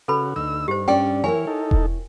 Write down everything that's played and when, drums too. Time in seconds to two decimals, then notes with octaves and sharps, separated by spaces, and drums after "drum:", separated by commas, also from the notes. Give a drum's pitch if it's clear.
0.08 C#3 F#4 A4 B4 B5
0.36 D2 D#4 E6
0.68 G2 G4 C5
0.88 C#4 D4 D5 G5
1.24 E3 E4 A#4 C#5 G#5
1.47 D#4 A4
1.71 drum: kick E1